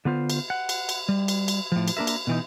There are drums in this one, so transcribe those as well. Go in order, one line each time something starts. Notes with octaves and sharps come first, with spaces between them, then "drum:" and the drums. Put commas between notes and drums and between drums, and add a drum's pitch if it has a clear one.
D3 B3 F4 C5
drum: cymbal
F#5
drum: cymbal
drum: cymbal
G3
drum: cymbal
drum: cymbal
A2 F3
drum: cymbal
A#3 D4 F4 A#4 E5
drum: cymbal
B2 E3 D#4